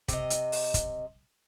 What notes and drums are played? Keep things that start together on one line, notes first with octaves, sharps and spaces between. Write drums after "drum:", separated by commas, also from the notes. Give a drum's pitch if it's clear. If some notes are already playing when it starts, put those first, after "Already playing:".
C3 D#5, drum: kick, hi-hat
drum: hi-hat
drum: open hi-hat
drum: kick, hi-hat